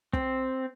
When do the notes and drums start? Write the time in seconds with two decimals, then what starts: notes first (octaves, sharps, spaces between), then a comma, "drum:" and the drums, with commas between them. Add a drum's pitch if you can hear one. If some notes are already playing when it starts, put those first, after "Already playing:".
0.13 C4, drum: kick